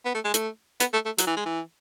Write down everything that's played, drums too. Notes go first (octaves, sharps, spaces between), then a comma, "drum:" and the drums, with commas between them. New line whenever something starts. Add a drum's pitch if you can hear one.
B3
A3
G#3
A3, drum: hi-hat
B3, drum: hi-hat
A3
A3
F#3, drum: hi-hat
E3
G#3
E3